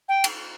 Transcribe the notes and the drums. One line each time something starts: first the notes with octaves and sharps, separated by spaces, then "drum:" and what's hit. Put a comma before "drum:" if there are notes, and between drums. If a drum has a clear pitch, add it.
G5
drum: cymbal